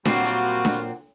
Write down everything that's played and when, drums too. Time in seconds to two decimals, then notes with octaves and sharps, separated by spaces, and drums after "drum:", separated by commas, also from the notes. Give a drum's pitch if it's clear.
0.05 A#2 F#3 G3 C4 F4 F#4, drum: snare D4
0.25 drum: hi-hat
0.65 drum: snare D4